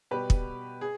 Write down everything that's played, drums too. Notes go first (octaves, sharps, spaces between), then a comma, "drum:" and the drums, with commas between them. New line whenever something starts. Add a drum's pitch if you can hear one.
B2 G3 G4 B4
drum: kick
G#4